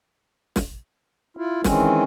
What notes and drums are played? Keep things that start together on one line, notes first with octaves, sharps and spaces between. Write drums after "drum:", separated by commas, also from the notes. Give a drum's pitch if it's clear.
drum: snare
E4 F4
D#3 E3 G#3 C4 C#4, drum: snare